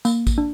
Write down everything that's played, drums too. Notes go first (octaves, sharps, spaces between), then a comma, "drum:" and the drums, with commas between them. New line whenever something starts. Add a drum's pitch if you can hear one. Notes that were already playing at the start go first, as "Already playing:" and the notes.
A#3, drum: tambourine
drum: kick A1, tambourine
D4